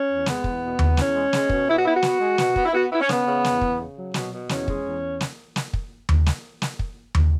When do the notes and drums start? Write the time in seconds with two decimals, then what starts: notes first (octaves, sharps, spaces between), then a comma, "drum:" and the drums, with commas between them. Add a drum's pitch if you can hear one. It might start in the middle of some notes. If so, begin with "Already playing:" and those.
Already playing: C#4
0.09 E2
0.26 G#3 B3, drum: snare
0.44 E2, drum: kick
0.62 B2
0.79 E2, drum: tom D#2
0.97 E2 C#4, drum: snare
1.15 G#3
1.33 G#3, drum: snare
1.49 B2, drum: kick
1.68 B2 E4
1.77 F#4
1.85 B3 E4
1.94 F#4
2.02 B3, drum: snare
2.20 G#3
2.38 B2, drum: snare
2.56 B3, drum: kick
2.65 E4
2.73 B3 F#4
2.91 B3 E4
3.01 C#4
3.09 C#3 B3, drum: snare
3.27 C#3
3.44 E2, drum: snare
3.61 C#3, drum: kick
3.80 C#3
3.97 F#3
4.14 B2, drum: snare
4.33 B2
4.49 E2 C#4, drum: snare
4.68 G#3, drum: kick
4.85 E2
5.21 drum: snare
5.56 drum: snare
5.73 drum: kick
6.09 drum: tom D#2
6.26 drum: snare
6.62 drum: snare
6.79 drum: kick
7.15 drum: tom D#2